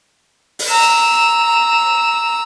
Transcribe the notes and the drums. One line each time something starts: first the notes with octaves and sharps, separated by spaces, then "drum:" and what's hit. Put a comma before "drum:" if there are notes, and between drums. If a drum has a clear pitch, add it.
drum: open hi-hat
A#5 E6